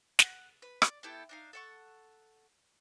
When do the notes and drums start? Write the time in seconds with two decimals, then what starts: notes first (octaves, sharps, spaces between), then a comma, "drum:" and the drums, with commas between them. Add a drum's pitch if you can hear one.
0.19 F#5, drum: snare
0.62 B4
0.82 D5, drum: rim click
1.03 B3 E4 G4 A4
1.29 D4 D#4 F5
1.53 A4 F#5 C#6